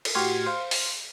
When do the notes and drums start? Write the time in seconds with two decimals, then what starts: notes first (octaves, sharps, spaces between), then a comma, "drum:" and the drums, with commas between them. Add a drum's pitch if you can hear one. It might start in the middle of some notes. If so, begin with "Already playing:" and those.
0.05 drum: cymbal
0.15 A2 F#4 G4 C6 F6 G#6
0.46 C5 F5
0.71 drum: open hi-hat